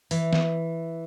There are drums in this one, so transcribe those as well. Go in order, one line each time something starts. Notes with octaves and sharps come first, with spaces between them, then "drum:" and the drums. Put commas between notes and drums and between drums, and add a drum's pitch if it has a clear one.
E3, drum: open hi-hat
drum: snare